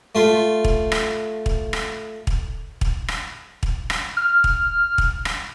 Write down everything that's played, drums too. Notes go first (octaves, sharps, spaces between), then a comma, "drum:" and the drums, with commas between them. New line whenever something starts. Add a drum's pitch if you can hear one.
A3 F4
drum: kick
drum: rim click
drum: kick
drum: rim click
drum: kick
drum: kick
drum: rim click
drum: kick
drum: rim click
F6
drum: kick
drum: kick
drum: rim click